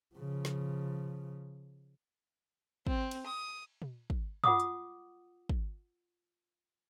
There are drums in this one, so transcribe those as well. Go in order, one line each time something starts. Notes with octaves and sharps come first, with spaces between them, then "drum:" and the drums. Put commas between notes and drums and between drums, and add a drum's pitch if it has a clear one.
C#3 F3
drum: snare
C4, drum: kick
drum: cymbal
D#6
drum: tom
drum: kick
F4 F#5 D6 D#6, drum: tom
drum: hi-hat
drum: kick